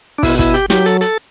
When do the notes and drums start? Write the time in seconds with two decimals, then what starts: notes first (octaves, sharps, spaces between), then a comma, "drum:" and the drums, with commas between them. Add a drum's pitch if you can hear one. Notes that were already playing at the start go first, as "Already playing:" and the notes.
0.18 D4
0.23 B2 E4, drum: kick, open hi-hat
0.39 E4, drum: kick, hi-hat
0.54 G4, drum: hi-hat
0.70 F#3 G4, drum: snare
0.86 A4, drum: hi-hat
1.01 A4, drum: hi-hat